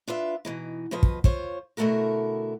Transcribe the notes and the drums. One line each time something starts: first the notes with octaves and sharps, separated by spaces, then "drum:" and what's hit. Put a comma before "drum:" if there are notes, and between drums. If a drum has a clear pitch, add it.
D4 F4 B4 E5
B2 E3 D#4
B2 F3 B4 D#5
drum: kick
F4 C5 C#5, drum: kick
B2 D3 A3 E4 F#4 A#4